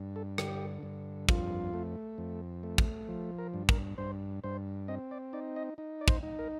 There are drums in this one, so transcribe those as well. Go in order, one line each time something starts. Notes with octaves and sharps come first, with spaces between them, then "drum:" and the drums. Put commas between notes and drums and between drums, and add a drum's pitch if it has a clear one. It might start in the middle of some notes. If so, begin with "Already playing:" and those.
Already playing: G2
A4
D3 G4, drum: rim click
G2
F2 F4, drum: kick
A3
F2
A3
drum: kick
F3
A#4
G2
A#4, drum: kick
G2 C5
G2 C5
C4 D#5
D5
D#4 D5
D#5
D#4
D5
C5, drum: kick
D#4
A#4